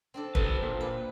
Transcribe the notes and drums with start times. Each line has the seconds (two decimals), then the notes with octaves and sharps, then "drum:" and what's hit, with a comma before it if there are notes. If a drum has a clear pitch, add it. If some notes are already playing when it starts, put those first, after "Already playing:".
0.14 C4 D4 A4
0.35 C4 A4 B4, drum: kick
0.62 A#2
0.81 B4